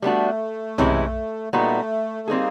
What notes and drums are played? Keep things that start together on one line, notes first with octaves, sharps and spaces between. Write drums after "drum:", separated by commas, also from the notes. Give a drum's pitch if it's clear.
G3 A3 B3 D4 F#4
C3 E3 G#3 C#4 E4, drum: tom
A#2 G3 A3 B3 D#4 F#4
G3 A#3 C4 D#4 G#4